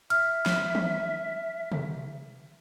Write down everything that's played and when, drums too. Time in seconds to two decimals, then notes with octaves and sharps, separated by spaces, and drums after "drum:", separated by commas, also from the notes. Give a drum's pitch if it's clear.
0.10 E5 F6, drum: cymbal
0.46 drum: snare
0.75 drum: tom
1.72 drum: tom